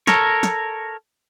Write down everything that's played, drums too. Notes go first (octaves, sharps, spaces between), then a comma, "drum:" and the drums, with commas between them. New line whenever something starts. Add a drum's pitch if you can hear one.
A4 A#4 C#5, drum: snare
drum: snare